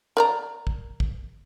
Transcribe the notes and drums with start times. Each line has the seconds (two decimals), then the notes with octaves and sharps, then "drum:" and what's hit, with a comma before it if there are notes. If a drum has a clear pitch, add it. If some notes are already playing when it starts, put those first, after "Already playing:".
0.17 A#4 D5 A#5
0.67 drum: kick
1.00 drum: kick